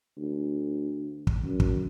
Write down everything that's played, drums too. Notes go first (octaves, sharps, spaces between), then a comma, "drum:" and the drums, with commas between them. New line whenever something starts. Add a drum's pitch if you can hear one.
D2
drum: kick
F#2
drum: kick